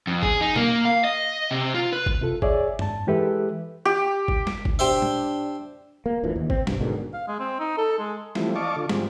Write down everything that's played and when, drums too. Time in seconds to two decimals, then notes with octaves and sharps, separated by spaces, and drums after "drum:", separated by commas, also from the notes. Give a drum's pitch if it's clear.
0.07 F2
0.23 G#4, drum: kick G#1
0.41 D#4
0.56 A#3, drum: tom B2
0.85 F5
1.04 D#5
1.51 C3
1.74 F4
1.93 B4
2.06 drum: kick G#1
2.21 C3 F4 A4
2.42 G#4 C#5 D5 E5, drum: kick G#1
2.79 G#2 A5, drum: tom F#2
3.07 E3 G#3 G4 A4 B4 E5
3.85 G4
4.28 drum: kick G#1
4.47 drum: snare
4.65 drum: kick G#1
4.79 D4 G4 C5 E5
5.02 drum: tom
6.06 A#3
6.23 D1 D2 E3 F3
6.36 D#2
6.50 C4, drum: kick G#1
6.67 B1 G2, drum: snare
6.80 G#2 B2 D3 D#3
7.13 F5
7.28 G#3
7.40 C4
7.60 D#4
7.78 A4
7.99 G#3
8.35 E3 F3 G3 A3 C4 E4, drum: snare
8.56 D5 D#5 F5 A5 C#6 D6
8.76 D3 F4 A4
8.89 G#2 F3 G3 G#3 C4, drum: snare